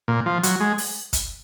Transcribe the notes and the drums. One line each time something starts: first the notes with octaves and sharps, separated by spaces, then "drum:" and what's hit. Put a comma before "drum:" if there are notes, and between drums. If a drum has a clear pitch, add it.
A#2
F3
F#3, drum: hi-hat
G#3
drum: open hi-hat
drum: kick, hi-hat